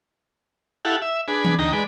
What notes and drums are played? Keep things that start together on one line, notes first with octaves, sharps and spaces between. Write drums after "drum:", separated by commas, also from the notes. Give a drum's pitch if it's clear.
E4 G4 A4 F5 F#5
E5
D4 G#4 B4
drum: tom E3
D2 D#4 G5 A#5
G#3 B4 D5